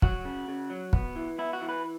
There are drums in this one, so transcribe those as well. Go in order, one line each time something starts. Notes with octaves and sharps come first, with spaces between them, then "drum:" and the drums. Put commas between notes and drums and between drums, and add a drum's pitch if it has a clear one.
F#3 F#4, drum: kick
C#3
C#3
F#3
B3, drum: kick
E3
B3 E4
F#4
E3
B4